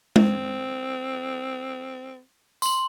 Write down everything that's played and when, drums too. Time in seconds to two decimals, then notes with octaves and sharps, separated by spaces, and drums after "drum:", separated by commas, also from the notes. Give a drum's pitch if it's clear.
0.16 C4, drum: tom G#3
2.62 C6 F#7, drum: tambourine